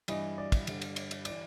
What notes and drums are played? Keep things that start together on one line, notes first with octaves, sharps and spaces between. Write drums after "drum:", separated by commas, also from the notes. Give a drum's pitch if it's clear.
G2 E3 D#5, drum: cymbal
D5
drum: kick, cymbal
G2 D3, drum: cymbal
drum: cymbal
drum: cymbal
drum: cymbal
E3 D5, drum: cymbal